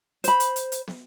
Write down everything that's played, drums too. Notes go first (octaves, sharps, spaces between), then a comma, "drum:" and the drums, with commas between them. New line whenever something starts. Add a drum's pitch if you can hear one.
C5 B5, drum: hi-hat
drum: hi-hat
drum: hi-hat
drum: hi-hat
drum: snare